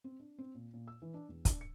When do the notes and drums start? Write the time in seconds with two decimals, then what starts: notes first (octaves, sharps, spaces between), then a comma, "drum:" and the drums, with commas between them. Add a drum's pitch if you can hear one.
0.04 C4
0.20 D4
0.38 C4
0.55 A#2
0.74 A#2
0.88 E6
1.02 E3
1.14 D4
1.29 E2
1.45 D4, drum: kick, hi-hat
1.61 C#7